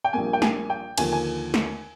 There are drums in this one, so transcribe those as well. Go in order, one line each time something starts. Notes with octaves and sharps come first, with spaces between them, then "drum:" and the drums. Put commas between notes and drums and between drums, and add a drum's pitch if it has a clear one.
G5
A#1 A#2 G3 A#3 G#5
G5
G#5, drum: snare
G5
D#2 D3 F3 A#3 G#5, drum: cymbal
G#5
drum: snare